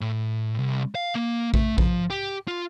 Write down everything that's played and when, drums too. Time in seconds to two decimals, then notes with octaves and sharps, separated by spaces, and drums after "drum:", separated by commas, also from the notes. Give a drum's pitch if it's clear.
0.01 A2
0.59 C2
0.95 F5
1.15 A#3
1.54 A3, drum: kick A#1
1.78 F3, drum: kick A#1
2.10 G4
2.48 F4